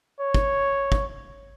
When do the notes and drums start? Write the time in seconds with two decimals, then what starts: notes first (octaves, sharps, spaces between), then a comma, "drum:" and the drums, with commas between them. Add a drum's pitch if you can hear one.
0.20 C#5
0.34 drum: kick
0.92 drum: kick